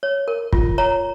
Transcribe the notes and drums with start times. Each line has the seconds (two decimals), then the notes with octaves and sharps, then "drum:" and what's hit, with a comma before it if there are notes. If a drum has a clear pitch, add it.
0.03 C#5
0.28 A#4
0.53 F4, drum: kick
0.78 C#5 A#5